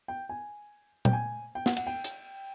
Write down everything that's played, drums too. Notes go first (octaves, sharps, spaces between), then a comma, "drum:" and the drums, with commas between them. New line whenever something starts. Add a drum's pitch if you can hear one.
G5
G#5
G5, drum: tom A#2
G#5
G5
F#5, drum: snare
F#5, drum: cymbal
G5
drum: hi-hat